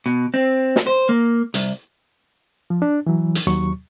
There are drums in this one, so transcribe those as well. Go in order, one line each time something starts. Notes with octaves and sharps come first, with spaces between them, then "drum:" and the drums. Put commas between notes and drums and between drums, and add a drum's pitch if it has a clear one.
B2
C4
drum: snare
C5
A#3
C2, drum: hi-hat
F3
D4
E3 F#3
drum: hi-hat
D#2 F#3 C#6